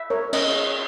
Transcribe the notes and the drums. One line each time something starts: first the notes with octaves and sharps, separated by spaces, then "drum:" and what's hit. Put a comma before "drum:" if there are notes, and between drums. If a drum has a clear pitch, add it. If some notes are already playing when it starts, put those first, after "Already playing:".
Already playing: E5
A#4 C#5
C#4 D#5, drum: cymbal